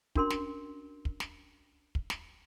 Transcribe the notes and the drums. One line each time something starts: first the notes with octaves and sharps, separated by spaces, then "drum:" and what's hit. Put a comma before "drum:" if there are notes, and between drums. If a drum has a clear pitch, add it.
C#4 D4 F#4 A#4 G5 C6, drum: kick
drum: snare
drum: kick
drum: snare
drum: kick
drum: snare